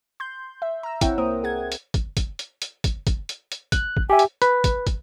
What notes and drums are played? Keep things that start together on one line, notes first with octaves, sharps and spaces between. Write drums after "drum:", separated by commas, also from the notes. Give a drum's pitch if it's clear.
C6 G6
E5
A#5 E6
C4 E4 C#5 E5 F#5 G5, drum: kick, hi-hat
C2 A#3 A#4 C5 D#6
G#4 F#5 G#6
drum: hi-hat
drum: kick, hi-hat
drum: kick, hi-hat
drum: hi-hat
drum: hi-hat
drum: kick, hi-hat
drum: kick, hi-hat
drum: hi-hat
drum: hi-hat
F#6, drum: kick, hi-hat
drum: kick
G4 E5 G#5
drum: hi-hat
B4, drum: hi-hat
drum: kick, hi-hat
drum: kick, hi-hat